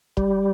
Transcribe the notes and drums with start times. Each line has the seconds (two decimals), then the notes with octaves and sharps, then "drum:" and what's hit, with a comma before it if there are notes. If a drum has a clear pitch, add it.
0.17 G3, drum: kick